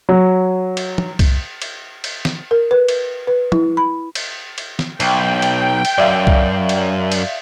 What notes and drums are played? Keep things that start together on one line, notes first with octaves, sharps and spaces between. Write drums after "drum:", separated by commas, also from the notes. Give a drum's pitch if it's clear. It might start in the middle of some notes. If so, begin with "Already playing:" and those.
F#3
drum: cymbal
drum: tom
drum: kick C2, cymbal
drum: cymbal
drum: cymbal
drum: snare
A#4
B4
drum: cymbal
B4
E4, drum: tom
B5
drum: cymbal
drum: cymbal
drum: snare
B1 G5, drum: cymbal
drum: cymbal
drum: cymbal
F#2 D5 E5 F5
drum: kick C2
drum: cymbal
drum: cymbal